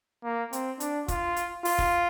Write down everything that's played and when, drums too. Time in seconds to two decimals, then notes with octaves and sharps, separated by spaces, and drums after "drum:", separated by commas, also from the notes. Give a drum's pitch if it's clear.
0.24 A#3
0.53 C4, drum: hi-hat
0.80 D4, drum: hi-hat
1.08 F4, drum: kick, hi-hat
1.36 drum: hi-hat
1.65 F4, drum: open hi-hat
1.78 drum: kick